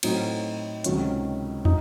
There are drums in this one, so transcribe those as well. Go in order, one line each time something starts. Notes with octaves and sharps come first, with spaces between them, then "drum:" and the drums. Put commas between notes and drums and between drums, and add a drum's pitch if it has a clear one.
A2 F#3 C4 D#4, drum: cymbal
C#2 C3 D#3 F#3 C#4, drum: hi-hat
D#4, drum: tom